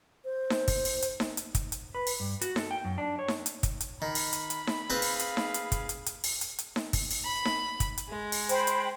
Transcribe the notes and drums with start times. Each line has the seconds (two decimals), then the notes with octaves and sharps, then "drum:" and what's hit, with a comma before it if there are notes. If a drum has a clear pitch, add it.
0.25 C5
0.50 drum: snare D#4
0.68 drum: kick, open hi-hat
0.85 drum: open hi-hat
1.02 drum: hi-hat
1.20 drum: snare D#4
1.37 drum: hi-hat
1.55 drum: kick, hi-hat
1.72 drum: hi-hat
1.95 B4
2.07 drum: open hi-hat
2.20 G2
2.41 F#4, drum: hi-hat
2.56 A4, drum: snare D#4
2.71 G5
2.85 F#2
2.98 D4
3.19 C#5
3.28 drum: snare D#4
3.46 drum: hi-hat
3.63 drum: kick, hi-hat
3.80 drum: hi-hat
4.02 D#3 B5
4.15 drum: open hi-hat
4.33 drum: hi-hat
4.50 drum: hi-hat
4.67 drum: snare D#4
4.90 C4 G#4 B4 F5 D#6
5.02 drum: open hi-hat
5.19 drum: hi-hat
5.37 drum: snare D#4
5.54 drum: hi-hat
5.72 drum: kick, hi-hat
5.89 drum: hi-hat
6.06 drum: hi-hat
6.24 drum: open hi-hat
6.41 drum: hi-hat
6.59 drum: hi-hat
6.76 drum: snare D#4
6.93 drum: kick, open hi-hat
7.11 drum: open hi-hat
7.25 B5
7.45 drum: snare D#4
7.80 drum: kick, hi-hat
7.98 drum: hi-hat
8.09 G#3
8.32 drum: open hi-hat
8.49 C5 G5 B5, drum: hi-hat
8.67 drum: hi-hat